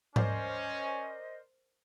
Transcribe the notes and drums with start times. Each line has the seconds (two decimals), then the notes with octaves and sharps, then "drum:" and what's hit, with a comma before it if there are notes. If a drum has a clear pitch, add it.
0.16 C#4 A#4 C5 D5 D#5, drum: tom G#2